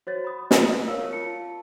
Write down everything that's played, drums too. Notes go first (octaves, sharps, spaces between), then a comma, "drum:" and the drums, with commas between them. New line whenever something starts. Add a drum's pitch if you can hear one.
F#4 C5 C#5 A6
B5 D#6
drum: snare
A#4 C#5 F5 E6
F4 A5 C#7